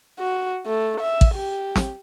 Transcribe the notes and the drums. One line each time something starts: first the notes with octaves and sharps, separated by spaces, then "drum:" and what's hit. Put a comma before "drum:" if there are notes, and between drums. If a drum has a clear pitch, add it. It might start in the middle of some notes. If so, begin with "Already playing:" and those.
F#4
A3
E5
drum: kick A1
G4
drum: snare